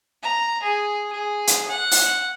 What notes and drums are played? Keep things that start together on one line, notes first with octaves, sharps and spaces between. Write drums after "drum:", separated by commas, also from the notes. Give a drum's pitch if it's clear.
A#5
G#4
G#4
drum: hi-hat
F#5
drum: open hi-hat